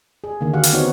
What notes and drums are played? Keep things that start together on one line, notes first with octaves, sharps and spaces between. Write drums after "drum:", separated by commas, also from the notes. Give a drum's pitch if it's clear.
G#4
D3 D#3 A#3
F#4 G4 F5 F#5
drum: hi-hat
B3 C4 D#4 F#4 C#5